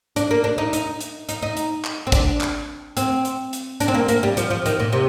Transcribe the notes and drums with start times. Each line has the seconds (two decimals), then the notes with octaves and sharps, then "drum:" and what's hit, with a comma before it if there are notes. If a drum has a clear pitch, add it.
0.16 D4, drum: hi-hat
0.31 A#3
0.44 D4
0.58 D#4
0.73 D#4, drum: hi-hat
1.01 drum: hi-hat
1.29 D#4, drum: hi-hat
1.42 D#4
1.57 drum: hi-hat
1.85 drum: clap
2.07 C4
2.12 D4, drum: kick, hi-hat
2.41 drum: clap
2.97 C4, drum: hi-hat
3.25 drum: hi-hat
3.53 drum: hi-hat
3.80 D4, drum: hi-hat
3.88 C4
3.94 A#3
4.08 A#3, drum: hi-hat
4.23 G3
4.37 F3, drum: hi-hat
4.50 F3
4.66 D#3, drum: hi-hat
4.79 A#2
4.93 C3